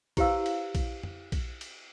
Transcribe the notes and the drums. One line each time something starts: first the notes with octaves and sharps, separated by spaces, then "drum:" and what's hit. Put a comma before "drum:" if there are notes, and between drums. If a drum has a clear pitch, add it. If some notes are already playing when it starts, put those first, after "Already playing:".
E4 G4 B4 C5 F5 E6, drum: kick A#1, cymbal
drum: cymbal
drum: kick A#1, cymbal
drum: tom F2
drum: kick A#1, cymbal
drum: cymbal